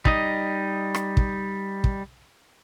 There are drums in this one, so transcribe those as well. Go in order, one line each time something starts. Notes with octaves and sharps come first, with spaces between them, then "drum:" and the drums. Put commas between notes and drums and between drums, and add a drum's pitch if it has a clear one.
G3 D#4 D#5, drum: kick
drum: rim click
drum: kick
drum: kick